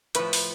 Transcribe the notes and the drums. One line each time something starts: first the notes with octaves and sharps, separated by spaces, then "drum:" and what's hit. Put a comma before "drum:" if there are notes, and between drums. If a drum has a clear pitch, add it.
A2 F3 B4, drum: hi-hat
drum: open hi-hat